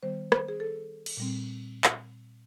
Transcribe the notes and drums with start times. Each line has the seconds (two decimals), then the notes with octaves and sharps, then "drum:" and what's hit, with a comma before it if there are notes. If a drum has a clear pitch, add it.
0.03 D#3 G3 B3 C5
0.32 C5, drum: rim click
0.48 G#4
0.60 A4
1.06 drum: cymbal
1.17 A#2 G3 C4
1.84 drum: clap